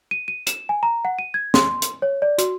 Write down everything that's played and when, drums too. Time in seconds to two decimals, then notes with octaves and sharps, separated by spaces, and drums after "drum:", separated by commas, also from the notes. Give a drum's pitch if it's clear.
0.11 D#7
0.28 D#7
0.47 E7, drum: hi-hat
0.69 G#5
0.83 A#5
1.05 F#5
1.19 D#7
1.34 G#6
1.54 C6, drum: snare
1.82 drum: hi-hat
2.02 C#5
2.22 D5
2.38 F#4, drum: hi-hat